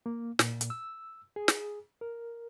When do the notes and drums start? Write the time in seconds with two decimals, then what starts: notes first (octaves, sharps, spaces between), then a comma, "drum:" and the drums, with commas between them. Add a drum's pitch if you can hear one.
0.06 A#3
0.39 A#2, drum: snare
0.61 drum: hi-hat
0.70 E6
1.36 G#4
1.48 drum: snare
2.01 A#4